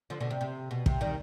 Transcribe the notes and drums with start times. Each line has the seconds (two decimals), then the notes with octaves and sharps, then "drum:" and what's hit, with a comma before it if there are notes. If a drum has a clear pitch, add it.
0.10 D3 F3
0.20 B2 D3
0.31 C3
0.41 C3
0.71 B2
0.86 C3, drum: kick
1.01 D#3 G3